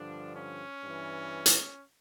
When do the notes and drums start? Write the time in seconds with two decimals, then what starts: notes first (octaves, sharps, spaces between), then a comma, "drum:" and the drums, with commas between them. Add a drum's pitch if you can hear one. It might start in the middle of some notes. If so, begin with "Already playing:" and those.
Already playing: G2 D3 F3 D4
0.34 C#4
0.81 G2 E3
1.46 drum: hi-hat